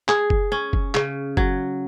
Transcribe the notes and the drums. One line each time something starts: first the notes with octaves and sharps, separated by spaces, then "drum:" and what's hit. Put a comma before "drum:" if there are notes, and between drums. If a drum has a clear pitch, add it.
G#4, drum: clap
drum: kick F#1
C#4
drum: kick F#1
C#3, drum: clap
F#3, drum: kick F#1